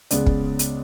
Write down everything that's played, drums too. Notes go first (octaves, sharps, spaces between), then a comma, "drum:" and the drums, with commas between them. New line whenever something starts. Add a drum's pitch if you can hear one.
C#2 C#3 G#3 B3 D5, drum: hi-hat
drum: kick
drum: hi-hat